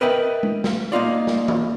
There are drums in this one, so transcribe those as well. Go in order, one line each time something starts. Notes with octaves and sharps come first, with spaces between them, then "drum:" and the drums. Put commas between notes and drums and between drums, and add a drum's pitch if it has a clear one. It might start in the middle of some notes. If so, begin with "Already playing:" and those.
A#4 B4 D#5 E5 G5 B5
drum: tom G#3
drum: snare
A#3 D#4 F4 D5
drum: snare
drum: tom